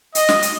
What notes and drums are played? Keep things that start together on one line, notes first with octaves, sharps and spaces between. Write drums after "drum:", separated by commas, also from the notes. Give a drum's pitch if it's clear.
D#5, drum: hi-hat
drum: snare
drum: hi-hat